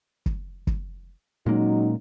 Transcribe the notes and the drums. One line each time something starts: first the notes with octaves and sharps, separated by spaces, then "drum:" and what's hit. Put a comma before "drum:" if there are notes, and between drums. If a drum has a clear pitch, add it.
drum: kick
drum: kick
A#2 F#3 G#3 A#3 C#4 D#4